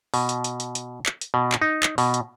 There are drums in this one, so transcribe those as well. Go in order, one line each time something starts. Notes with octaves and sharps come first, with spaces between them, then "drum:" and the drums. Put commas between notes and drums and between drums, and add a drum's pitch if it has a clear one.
B2, drum: open hi-hat
drum: hi-hat
drum: hi-hat
drum: hi-hat
drum: hi-hat
drum: clap
drum: hi-hat
B2
drum: clap
D#4
drum: clap
B2, drum: open hi-hat
drum: hi-hat